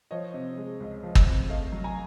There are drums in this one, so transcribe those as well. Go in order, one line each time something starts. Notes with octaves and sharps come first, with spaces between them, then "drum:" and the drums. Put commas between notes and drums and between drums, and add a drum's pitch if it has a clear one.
F3 C#5 D#5
C3
G#3
C#2
F3
drum: kick
C3
A3 D#5 F5
F#3
G#5 A#5